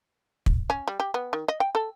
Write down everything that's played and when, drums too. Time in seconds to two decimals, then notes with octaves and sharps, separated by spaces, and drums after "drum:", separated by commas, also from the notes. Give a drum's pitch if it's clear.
0.46 drum: kick
0.70 C#4
0.88 G3
1.00 G4
1.14 B3
1.33 D#3
1.48 D#5
1.60 G5
1.75 A4